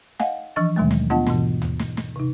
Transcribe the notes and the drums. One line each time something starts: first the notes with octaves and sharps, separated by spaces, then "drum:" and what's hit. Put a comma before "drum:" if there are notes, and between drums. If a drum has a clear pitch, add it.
D#5 F5 F#5 G#5, drum: snare
E3 F3 D4 D#5 C#6 A6
D#2 B2 D#3 F#3 G#3 A3
drum: snare
B3 D4 F4 D#5 F#5 A5
G#2 B2 E3, drum: snare
drum: tom D2
drum: snare
drum: snare
C3 D#4